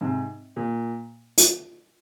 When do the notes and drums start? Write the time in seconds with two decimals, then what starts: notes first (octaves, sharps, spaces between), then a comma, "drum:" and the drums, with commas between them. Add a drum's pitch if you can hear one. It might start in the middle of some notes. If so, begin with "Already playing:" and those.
0.01 G#2 C3
0.56 A#2
1.38 drum: hi-hat